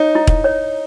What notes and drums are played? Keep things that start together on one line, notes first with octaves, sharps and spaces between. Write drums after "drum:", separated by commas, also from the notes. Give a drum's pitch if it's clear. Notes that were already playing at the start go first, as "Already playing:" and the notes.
Already playing: D#4 C#5
E4
drum: kick E1
C#5